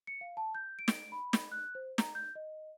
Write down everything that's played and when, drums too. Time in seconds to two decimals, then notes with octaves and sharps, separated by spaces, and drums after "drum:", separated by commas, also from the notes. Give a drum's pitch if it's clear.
0.07 C#7
0.21 F5
0.37 A5
0.55 G6
0.79 D7
0.88 drum: snare
1.12 B5
1.33 drum: snare
1.52 F#6
1.75 C5
1.98 A#5, drum: snare
2.15 G6
2.35 D#5